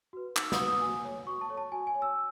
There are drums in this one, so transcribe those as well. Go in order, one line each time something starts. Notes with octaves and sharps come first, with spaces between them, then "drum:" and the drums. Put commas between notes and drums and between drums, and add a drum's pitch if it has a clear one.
F#4 B4
D#4 E6, drum: clap
D#6, drum: snare
F#4 B4
D#6
F#4 G#5
A4 C#5
F#4 C#6
A5
A4 C#5
A5
F#4 G#5
G#5
C#5
E6